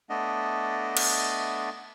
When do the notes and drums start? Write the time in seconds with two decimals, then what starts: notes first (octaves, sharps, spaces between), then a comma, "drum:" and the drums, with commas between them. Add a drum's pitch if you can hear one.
0.10 A3 B3 D4 D#5
0.97 drum: cymbal